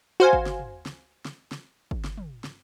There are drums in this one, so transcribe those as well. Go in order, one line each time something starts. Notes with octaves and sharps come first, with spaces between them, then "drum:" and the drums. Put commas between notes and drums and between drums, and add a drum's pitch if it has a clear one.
F#4 C5 F5 G#5
drum: kick
drum: snare
drum: tom
drum: snare
drum: snare
drum: snare
drum: kick
drum: snare
drum: tom
drum: snare